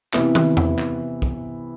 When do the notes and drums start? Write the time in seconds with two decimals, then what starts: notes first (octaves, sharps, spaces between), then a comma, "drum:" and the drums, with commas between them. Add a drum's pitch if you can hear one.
0.13 C3 E3 B3 E4, drum: clap
0.35 drum: tom
0.57 drum: tom E2
0.79 drum: clap
1.22 drum: kick